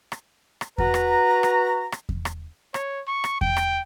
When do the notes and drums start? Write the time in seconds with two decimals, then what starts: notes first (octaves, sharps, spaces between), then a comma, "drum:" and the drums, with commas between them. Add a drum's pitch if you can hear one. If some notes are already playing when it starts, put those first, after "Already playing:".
0.12 drum: rim click
0.61 drum: rim click
0.78 F#4 B4 A#5, drum: kick E2
0.94 drum: rim click
1.43 drum: rim click
1.92 drum: rim click
2.09 drum: kick E2
2.25 drum: rim click
2.74 C#5, drum: rim click
3.07 C#6
3.24 drum: rim click
3.41 G5, drum: kick E2
3.57 drum: rim click